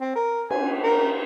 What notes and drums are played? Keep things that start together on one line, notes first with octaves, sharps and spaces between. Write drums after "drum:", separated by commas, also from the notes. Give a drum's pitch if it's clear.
C4
A#4
G#5, drum: cymbal
A#4